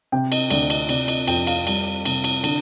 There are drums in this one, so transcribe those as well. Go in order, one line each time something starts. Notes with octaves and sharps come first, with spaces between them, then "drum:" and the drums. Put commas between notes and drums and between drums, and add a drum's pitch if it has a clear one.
C3 G5
D#5, drum: cymbal
D2 D5, drum: cymbal
D#5, drum: cymbal
C3 D5, drum: cymbal
D#5, drum: cymbal
F2 G5, drum: cymbal
F5, drum: cymbal
G3, drum: cymbal
C3, drum: cymbal
drum: cymbal
D3, drum: cymbal